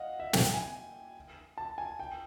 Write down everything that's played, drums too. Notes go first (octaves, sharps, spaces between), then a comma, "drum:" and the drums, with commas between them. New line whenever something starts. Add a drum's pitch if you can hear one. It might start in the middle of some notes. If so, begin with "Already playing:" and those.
Already playing: D#5 F5 F#5
E5
G5, drum: snare
G#5
A5
G#5
G5